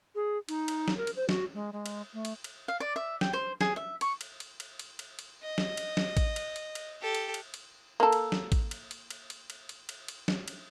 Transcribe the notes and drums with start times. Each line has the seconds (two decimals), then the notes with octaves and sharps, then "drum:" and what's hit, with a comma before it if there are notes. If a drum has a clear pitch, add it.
0.15 G#4
0.49 D#4, drum: cymbal
0.68 drum: cymbal
0.88 drum: snare
0.97 A#4
1.07 drum: cymbal
1.16 C5
1.29 F#4, drum: snare
1.55 G#3
1.73 G#3
1.86 drum: cymbal
2.14 A3
2.25 drum: cymbal
2.44 drum: cymbal
2.68 F5
2.80 D5
2.96 E5
3.21 G5, drum: snare
3.33 C5
3.61 G#4, drum: snare
3.76 E5
4.01 C#6, drum: cymbal
4.21 drum: cymbal
4.40 drum: cymbal
4.60 drum: cymbal
4.79 drum: cymbal
4.99 drum: cymbal
5.19 drum: cymbal
5.43 D#5
5.58 drum: snare
5.77 drum: cymbal
5.97 drum: snare
6.17 drum: kick, cymbal
6.36 drum: cymbal
6.56 drum: cymbal
6.75 drum: cymbal
7.01 G4 A4
7.15 drum: cymbal
7.34 drum: cymbal
7.54 drum: cymbal
8.00 A#3 A4
8.13 drum: cymbal
8.32 drum: snare
8.52 drum: kick, cymbal
8.71 drum: cymbal
8.91 drum: cymbal
9.10 drum: cymbal
9.30 drum: cymbal
9.50 drum: cymbal
9.69 drum: cymbal
9.89 drum: cymbal
10.08 drum: cymbal
10.28 drum: snare
10.48 drum: cymbal